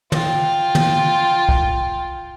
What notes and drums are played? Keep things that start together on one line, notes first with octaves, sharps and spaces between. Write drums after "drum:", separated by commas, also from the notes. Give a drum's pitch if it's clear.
F4 G5, drum: tom
drum: tom
drum: kick